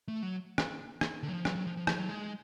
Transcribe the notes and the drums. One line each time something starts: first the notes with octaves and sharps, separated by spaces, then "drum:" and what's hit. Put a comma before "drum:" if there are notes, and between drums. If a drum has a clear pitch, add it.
A3
F#3
drum: rim click
drum: rim click
D3
F#3
F3
F#3, drum: rim click
F#3
F3
F3
F3, drum: rim click
F#3
G#3